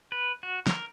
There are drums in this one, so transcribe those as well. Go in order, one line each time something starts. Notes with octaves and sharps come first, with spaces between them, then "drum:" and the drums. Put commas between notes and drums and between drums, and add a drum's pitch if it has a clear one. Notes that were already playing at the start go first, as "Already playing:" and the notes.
B4
F#4
A#4, drum: snare